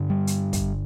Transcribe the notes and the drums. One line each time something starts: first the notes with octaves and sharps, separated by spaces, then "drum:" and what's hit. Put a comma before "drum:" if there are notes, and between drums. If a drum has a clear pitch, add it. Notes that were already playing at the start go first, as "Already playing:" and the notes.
Already playing: G2 D3
G3
drum: hi-hat
drum: kick, hi-hat